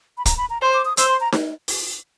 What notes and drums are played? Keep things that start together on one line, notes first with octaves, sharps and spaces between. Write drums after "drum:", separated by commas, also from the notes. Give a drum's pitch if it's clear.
B5
A#5, drum: kick, hi-hat
B5
A#5
C5 C6
D6
D#6
C5 E6, drum: hi-hat
C6
A#5
drum: snare D#4
drum: open hi-hat